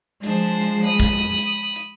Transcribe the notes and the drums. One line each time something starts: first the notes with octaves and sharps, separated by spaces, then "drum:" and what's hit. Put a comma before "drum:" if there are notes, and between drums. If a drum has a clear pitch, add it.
F3 G#3 D4 C5, drum: hi-hat
drum: hi-hat
B5 D#6
drum: kick, hi-hat
drum: hi-hat
drum: hi-hat